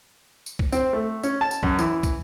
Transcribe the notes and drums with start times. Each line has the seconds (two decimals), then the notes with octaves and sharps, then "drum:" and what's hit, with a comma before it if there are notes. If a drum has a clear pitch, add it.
0.46 drum: tambourine
0.59 drum: kick
0.72 C4, drum: tambourine
0.93 A3
1.23 C#4, drum: tambourine
1.41 A5
1.51 drum: tambourine
1.63 F#2, drum: kick
1.79 E3, drum: tambourine
2.03 drum: kick, tambourine